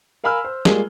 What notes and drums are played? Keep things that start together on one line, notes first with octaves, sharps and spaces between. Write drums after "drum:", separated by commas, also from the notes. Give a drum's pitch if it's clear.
A#4 F5 G#5 B5 E6 F6
C5
G3 G#3 A#3 F4 G#4, drum: snare